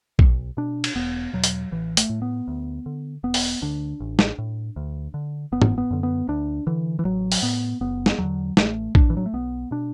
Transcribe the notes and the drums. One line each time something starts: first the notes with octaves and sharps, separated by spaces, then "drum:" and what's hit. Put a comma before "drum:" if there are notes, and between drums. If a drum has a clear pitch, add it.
B1, drum: kick
B2 D4
drum: cymbal
E1 B3
E2 B2 F#3
drum: hi-hat
A1 E3
A3, drum: hi-hat
A2
B3
D2
D3
E1 B3
drum: open hi-hat
D2 D3 D4
A1
drum: snare
A2
D2
D3
F#1 B3
drum: tom
B3
F#2 D3
B3
D2 D4
D3 E3
E3
A1 F#3
drum: open hi-hat
A2 B3
F#1 B3
drum: snare
E2 D3 F#3
A1 A3, drum: snare
A2 D4, drum: kick
E3
F#3
A3
B1 B3
B2 D4